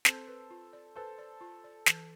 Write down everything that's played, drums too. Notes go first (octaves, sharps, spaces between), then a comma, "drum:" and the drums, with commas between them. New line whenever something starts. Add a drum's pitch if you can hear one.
C4 A4 C5, drum: snare
B4
F4
D5
A4 B4 C5
D5
F4
D5
E3, drum: snare